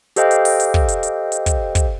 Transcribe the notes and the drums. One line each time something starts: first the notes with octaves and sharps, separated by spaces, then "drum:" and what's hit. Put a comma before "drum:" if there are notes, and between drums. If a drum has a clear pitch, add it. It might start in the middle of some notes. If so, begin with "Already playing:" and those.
G4 A4 C5 D#5 F5 G5, drum: hi-hat
drum: hi-hat
drum: open hi-hat
drum: hi-hat
drum: kick
drum: hi-hat
drum: hi-hat
drum: hi-hat
drum: kick, hi-hat
drum: kick, hi-hat